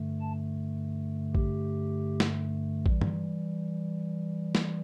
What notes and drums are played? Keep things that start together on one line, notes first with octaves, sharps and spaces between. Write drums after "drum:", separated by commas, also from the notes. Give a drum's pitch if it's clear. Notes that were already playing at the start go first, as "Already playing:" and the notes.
Already playing: G2 D3 A3
A5
G4, drum: kick
drum: snare
E3 G3, drum: kick
drum: tom
drum: snare